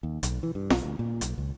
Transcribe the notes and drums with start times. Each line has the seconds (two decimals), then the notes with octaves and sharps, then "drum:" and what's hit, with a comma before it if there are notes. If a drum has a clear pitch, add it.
0.03 D#2
0.23 B1, drum: hi-hat
0.43 E3
0.55 G2
0.70 B1, drum: snare F4
0.84 D2
0.99 A#2
1.21 B1, drum: hi-hat
1.38 C#2